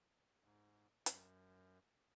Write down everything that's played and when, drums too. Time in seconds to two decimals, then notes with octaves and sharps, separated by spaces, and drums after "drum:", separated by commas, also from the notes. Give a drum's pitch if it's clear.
0.44 G#2
1.06 F#2, drum: hi-hat